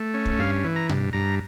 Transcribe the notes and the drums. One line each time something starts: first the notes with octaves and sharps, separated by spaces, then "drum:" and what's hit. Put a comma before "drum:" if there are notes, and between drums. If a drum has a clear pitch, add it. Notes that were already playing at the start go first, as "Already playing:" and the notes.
Already playing: A3
C#4
drum: kick
G2 F5
E3
A#5
G2, drum: tom B2
G2 A#5